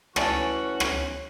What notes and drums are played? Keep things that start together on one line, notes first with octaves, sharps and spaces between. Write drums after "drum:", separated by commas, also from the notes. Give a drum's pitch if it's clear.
E3 A3 C#4 F#4 D5, drum: rim click
drum: rim click